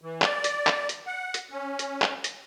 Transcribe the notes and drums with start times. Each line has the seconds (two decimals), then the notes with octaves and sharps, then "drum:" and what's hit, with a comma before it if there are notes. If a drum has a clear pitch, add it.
0.02 E3
0.22 D5, drum: clap
0.44 drum: hi-hat
0.67 drum: clap
0.89 drum: hi-hat
1.07 F#5
1.34 drum: hi-hat
1.51 C#4
1.79 drum: hi-hat
2.02 drum: clap
2.24 drum: hi-hat